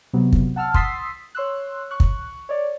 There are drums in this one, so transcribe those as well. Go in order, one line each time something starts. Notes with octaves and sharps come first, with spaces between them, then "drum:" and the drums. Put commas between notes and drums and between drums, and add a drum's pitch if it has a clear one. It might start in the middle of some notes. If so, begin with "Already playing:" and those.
C3 F#3 B3
drum: kick
F#5 A5 E6 F6
C6 D#6 E6 A6 B6 C7, drum: kick
C#5 C6 E6 F#6
C#6 F#6
drum: kick
C#5 D5